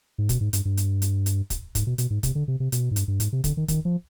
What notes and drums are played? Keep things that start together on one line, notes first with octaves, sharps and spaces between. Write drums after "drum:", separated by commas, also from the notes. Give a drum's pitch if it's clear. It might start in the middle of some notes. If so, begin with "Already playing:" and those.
G#2
B2, drum: kick, hi-hat
G#2
G2, drum: hi-hat
G2
drum: hi-hat
drum: hi-hat
drum: hi-hat
drum: kick, hi-hat
G#2, drum: kick, hi-hat
B2
B2, drum: hi-hat
G#2
C3, drum: kick, hi-hat
D3
C3
C3
B2, drum: hi-hat
G#2
G2, drum: hi-hat
G2
G#2, drum: hi-hat
C3
D3, drum: kick, hi-hat
D#3
D#3, drum: kick, hi-hat
F3